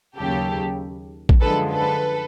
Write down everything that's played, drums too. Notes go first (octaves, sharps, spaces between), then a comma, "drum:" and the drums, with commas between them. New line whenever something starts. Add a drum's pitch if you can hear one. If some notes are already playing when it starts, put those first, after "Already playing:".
D#2 C#3 F#3 G4 A4
drum: kick
F#2 D3 F3 G#3 A4 B4
A4 B4